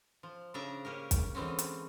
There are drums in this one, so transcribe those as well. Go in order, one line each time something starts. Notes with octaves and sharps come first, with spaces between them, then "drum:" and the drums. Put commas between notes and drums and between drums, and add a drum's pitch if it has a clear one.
F3
C#3 F3 D4 E5 A5 A#5
A#3 C#4 G4 A#4
drum: kick, hi-hat
D3 E3 G#3 C4 C#4
drum: hi-hat